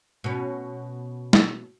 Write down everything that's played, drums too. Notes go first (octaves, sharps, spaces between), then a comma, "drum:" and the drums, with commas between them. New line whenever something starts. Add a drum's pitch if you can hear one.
B2 C#4
drum: snare